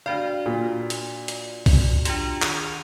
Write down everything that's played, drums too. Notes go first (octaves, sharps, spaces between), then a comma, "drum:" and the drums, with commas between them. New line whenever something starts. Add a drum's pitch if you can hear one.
D4 F#4 D5 F5
A#2
drum: hi-hat
drum: hi-hat
drum: kick B1, open hi-hat
D4 F4 G4, drum: hi-hat
D#3 D#7 F7, drum: clap